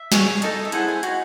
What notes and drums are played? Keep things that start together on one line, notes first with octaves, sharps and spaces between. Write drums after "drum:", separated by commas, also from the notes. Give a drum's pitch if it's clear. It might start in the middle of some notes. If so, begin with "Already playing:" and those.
Already playing: E5
G#4 C#5, drum: snare
D#4 A4 D#5, drum: hi-hat
E5
E4 G#4 C5 F#5, drum: hi-hat
G#5
D#4 F#4, drum: hi-hat